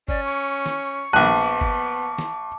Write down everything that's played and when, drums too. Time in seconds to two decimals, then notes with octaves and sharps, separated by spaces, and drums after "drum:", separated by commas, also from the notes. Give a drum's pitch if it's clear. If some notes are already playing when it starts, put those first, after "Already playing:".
0.08 C#4 D5, drum: kick G1
0.25 C#6
0.66 drum: snare
1.13 A#1 B3 A5 D6 F#6
1.23 drum: snare
1.61 drum: kick G1
2.18 drum: snare